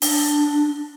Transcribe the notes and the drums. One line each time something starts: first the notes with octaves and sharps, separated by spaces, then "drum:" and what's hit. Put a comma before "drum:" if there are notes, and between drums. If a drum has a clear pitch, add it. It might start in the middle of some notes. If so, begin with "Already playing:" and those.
D4, drum: open hi-hat